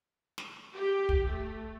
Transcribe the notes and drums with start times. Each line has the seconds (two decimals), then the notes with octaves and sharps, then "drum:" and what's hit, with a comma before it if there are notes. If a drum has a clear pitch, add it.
0.38 drum: snare
0.73 G4
1.09 drum: kick
1.26 A3